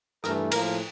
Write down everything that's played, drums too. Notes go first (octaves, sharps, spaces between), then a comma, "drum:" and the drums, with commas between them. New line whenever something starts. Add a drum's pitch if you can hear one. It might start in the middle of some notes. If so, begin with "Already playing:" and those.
G2 E3 A3 A#4, drum: rim click
A2 F3 A#3 A#4, drum: cymbal